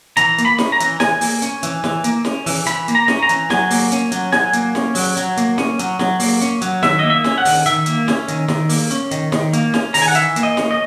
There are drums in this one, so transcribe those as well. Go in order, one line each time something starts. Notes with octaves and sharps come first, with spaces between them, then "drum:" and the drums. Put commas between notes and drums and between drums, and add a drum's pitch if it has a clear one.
E3 A#5, drum: hi-hat
A#3, drum: hi-hat
B5
C#4, drum: snare
A#5
E3, drum: hi-hat
E3 G#5, drum: snare
A#3, drum: open hi-hat
C#4, drum: hi-hat
E3, drum: hi-hat
E3, drum: snare
A#3, drum: hi-hat
C#4, drum: snare
E3, drum: open hi-hat
E3 B5, drum: hi-hat
A#3, drum: hi-hat
A#5
C#4, drum: snare
A#5
E3, drum: hi-hat
F#3 G#5, drum: snare
A#3, drum: open hi-hat
C#4, drum: hi-hat
F#3, drum: hi-hat
F#3 G#5, drum: snare
A#3, drum: hi-hat
C#4, drum: snare
F#3, drum: open hi-hat
F#3, drum: hi-hat
A#3, drum: hi-hat
C#4, drum: snare
F#3, drum: hi-hat
F#3, drum: snare
A#3, drum: open hi-hat
C#4, drum: hi-hat
F#3, drum: hi-hat
D#3 E5, drum: snare
A#3 D#5
E5
C#4, drum: snare
F#5
D#3, drum: open hi-hat
D#3 E5, drum: hi-hat
A#3, drum: hi-hat
C#4, drum: snare
D#3, drum: hi-hat
D#3, drum: snare
A#3, drum: open hi-hat
C#4, drum: hi-hat
D#3, drum: hi-hat
D#3, drum: snare
A#3, drum: hi-hat
C#4, drum: snare
D#3 A#5, drum: open hi-hat
G#5
F#5
E3 E5, drum: hi-hat
A#3, drum: hi-hat
D#5
C#4, drum: snare
D#5